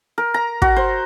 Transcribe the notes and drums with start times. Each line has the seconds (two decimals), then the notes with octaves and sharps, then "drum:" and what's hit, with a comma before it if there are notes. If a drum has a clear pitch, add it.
0.18 A#4
0.34 A#5
0.62 F#4, drum: kick
0.76 C5